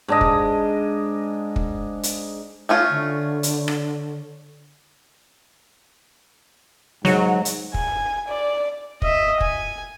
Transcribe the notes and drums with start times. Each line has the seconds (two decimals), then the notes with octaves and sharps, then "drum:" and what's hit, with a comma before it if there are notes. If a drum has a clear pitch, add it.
0.08 G#2 D4 D#5
0.21 drum: kick
1.56 drum: kick
2.03 drum: hi-hat
2.69 A3 C#4 F4
2.90 D3
3.43 drum: hi-hat
3.68 drum: rim click
7.05 G#2 F#3, drum: snare
7.45 drum: hi-hat
7.74 G#5, drum: kick
8.29 D5
9.02 D#5 E5, drum: kick
9.41 G#5, drum: kick